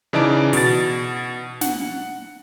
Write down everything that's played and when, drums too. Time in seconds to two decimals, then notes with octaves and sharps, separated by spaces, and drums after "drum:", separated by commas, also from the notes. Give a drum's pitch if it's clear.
0.13 C#3 E3 D#4 D5 A5 D7
0.53 B2 A6, drum: open hi-hat
1.61 F#5, drum: snare